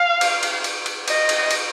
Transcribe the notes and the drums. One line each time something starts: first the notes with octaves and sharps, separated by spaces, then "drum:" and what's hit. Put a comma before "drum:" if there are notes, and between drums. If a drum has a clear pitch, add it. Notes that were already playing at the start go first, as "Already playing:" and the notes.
Already playing: F5
drum: cymbal
drum: cymbal
drum: cymbal
drum: cymbal
D#5, drum: cymbal
drum: cymbal
drum: cymbal